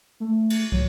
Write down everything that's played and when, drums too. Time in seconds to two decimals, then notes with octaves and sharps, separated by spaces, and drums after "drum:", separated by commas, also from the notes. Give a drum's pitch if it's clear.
0.20 A3
0.50 drum: cymbal
0.72 F#3, drum: kick